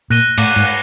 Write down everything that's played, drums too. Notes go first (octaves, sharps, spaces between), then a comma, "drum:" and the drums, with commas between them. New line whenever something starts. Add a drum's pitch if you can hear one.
A#2 F#6 A#6 D#7 G7
A2 D6, drum: cymbal
G#2
F#6 A#6